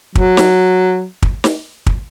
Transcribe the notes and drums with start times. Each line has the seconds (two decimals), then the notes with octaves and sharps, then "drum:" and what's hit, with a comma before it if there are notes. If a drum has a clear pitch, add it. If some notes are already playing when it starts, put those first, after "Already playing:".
0.15 F#3, drum: kick
0.37 drum: snare
1.22 drum: kick
1.44 drum: snare
1.86 drum: kick